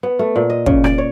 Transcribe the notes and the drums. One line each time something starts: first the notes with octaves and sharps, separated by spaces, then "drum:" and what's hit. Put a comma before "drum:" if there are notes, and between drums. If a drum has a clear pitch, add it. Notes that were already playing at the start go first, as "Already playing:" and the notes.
B3
A3
A#2
D#5
C#3, drum: kick
D5, drum: rim click
C#5